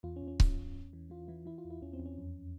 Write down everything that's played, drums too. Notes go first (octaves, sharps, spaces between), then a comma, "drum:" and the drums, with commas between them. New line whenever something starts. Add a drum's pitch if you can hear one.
E2 F4
C#4
E2
C#4
E2, drum: kick C#1
E2
E2
E3
E3 F4
E3 E4
E3 E4
F4
E2
E4
E2 C#4
C4
E2
C#4
F2